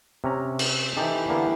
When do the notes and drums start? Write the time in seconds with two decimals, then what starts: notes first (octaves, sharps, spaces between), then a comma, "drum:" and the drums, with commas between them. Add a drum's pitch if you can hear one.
0.24 C3 C#4 A#5
0.59 drum: cymbal
0.97 E3 D#4 G4 A4
1.29 D3 A#3 B3